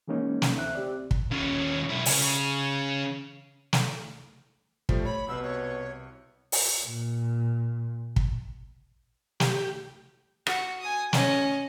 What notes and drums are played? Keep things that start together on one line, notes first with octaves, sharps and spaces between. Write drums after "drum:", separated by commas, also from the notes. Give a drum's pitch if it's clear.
E3 G#3 A#3 C#4 D#4
drum: snare
C#2 C4 E5 F#6
C4 G4 D5
drum: kick
D#2 C#4
B1 E4
C#3, drum: open hi-hat
drum: snare
F3 G3 A3, drum: kick
C#5 B5
C2 B2 E6
C#5
drum: open hi-hat
A#2
drum: kick
G4, drum: snare
F#4, drum: rim click
G#5 D#6
C#4 D#5, drum: snare